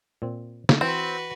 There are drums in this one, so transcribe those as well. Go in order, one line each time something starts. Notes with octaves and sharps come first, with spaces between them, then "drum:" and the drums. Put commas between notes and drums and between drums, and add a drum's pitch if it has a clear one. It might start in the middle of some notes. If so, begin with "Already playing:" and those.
A#2 C4
drum: snare
E3 C4 F#4 B4